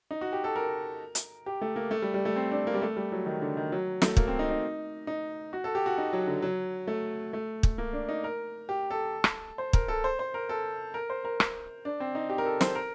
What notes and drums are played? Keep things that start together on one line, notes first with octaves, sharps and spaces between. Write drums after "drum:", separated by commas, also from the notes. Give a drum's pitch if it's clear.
D#4
F#4
G4
A4
A#4
drum: hi-hat
G4
A3
A#3
A3
G3
G3
A3
C4
D4
A#3
G3
A3
G3
F#3
D#3
D3
D#3
F#3
A3, drum: snare
A#3, drum: kick
C4
D#4
D#4
D#4
F#4
A4
G4
F#4
D#4
F#3
D3
F#3
A3
A3
drum: kick
A#3
D4
D#4
A#4
G4
A4
drum: rim click
C5
A#4, drum: kick
A4
C5
C5
A#4
A4
A#4
C5
A#4
drum: rim click
D4
C4
D#4
G4
A#4
A4
C5, drum: snare
A#4